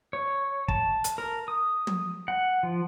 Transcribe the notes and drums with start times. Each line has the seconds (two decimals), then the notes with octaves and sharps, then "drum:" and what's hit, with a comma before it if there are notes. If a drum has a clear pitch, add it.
0.13 C#5
0.68 A5, drum: kick
1.04 drum: hi-hat
1.18 A#4
1.48 D#6
1.87 drum: tom
2.28 F#5
2.63 F3